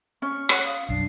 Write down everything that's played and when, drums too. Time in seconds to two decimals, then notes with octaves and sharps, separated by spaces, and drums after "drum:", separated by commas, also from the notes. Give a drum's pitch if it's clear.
0.22 C#4 C#6
0.49 C#5 F#5, drum: rim click
0.65 F5 D#6
0.89 B1 F#2 D4 C7